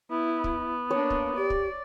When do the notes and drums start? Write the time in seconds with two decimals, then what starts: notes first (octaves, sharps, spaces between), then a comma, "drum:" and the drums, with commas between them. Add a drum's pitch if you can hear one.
0.11 B3 E4
0.44 drum: kick
0.91 A#3 D4 C#5
1.10 drum: kick
1.37 G4 D5
1.50 drum: kick